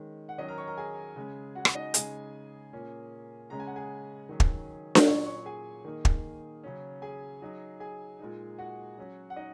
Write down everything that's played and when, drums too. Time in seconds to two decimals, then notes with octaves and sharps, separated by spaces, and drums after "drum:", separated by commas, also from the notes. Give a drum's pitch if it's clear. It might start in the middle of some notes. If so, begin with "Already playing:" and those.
Already playing: D#3 G#3 C#4
0.29 F#5
0.38 D#3 F#3 C#4 D#4 D#5
0.48 A#4 A#5
0.58 C#5 C#6
0.67 A#4 A#5
0.77 G#4 G#5
1.16 C#3 G#3 C#4
1.55 F#4 F#5
1.65 drum: rim click
1.75 D#4 D#5
1.94 C#3 G#3 D#4 G#4 G#5, drum: hi-hat
2.73 A#2 A#3 C#4
3.50 C#3 G#3 C#4 A#5
3.60 G#5
3.67 F#5
3.76 G#4 G#5
4.29 D#3 F#3 C#4
4.40 drum: kick
4.95 drum: snare D4
5.07 A#2 F#3 C#4 C#5 C#6
5.26 C#5 C#6
5.45 G#4 G#5
5.85 D#3 A#3 D#4
6.05 drum: kick
6.63 C#3 F#3 C#4
7.02 G#4 G#5
7.42 F#3 D#4
7.80 G#4 G#5
8.19 A#2 G#3 D#4
8.58 F#4 F#5
8.98 F#3 C#4
9.30 F#5
9.36 D#4 D#5